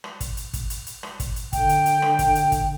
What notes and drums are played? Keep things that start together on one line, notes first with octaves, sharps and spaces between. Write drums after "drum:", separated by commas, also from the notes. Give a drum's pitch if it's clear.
drum: rim click
drum: kick, hi-hat
drum: hi-hat
drum: kick, hi-hat
drum: hi-hat
drum: hi-hat
drum: rim click
drum: kick, hi-hat
drum: hi-hat
D3 G5, drum: kick, hi-hat
drum: hi-hat
drum: hi-hat
drum: rim click
drum: kick, hi-hat
drum: hi-hat
drum: kick, hi-hat